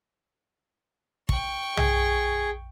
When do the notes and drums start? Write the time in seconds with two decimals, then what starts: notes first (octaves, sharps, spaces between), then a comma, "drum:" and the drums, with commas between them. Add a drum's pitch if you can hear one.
1.29 G5 C#6, drum: kick
1.77 G#4, drum: tom